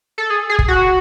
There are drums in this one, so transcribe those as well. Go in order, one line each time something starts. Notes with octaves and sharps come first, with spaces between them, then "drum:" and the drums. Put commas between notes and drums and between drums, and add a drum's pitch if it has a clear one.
A4
G#4
G#4
drum: kick
F#4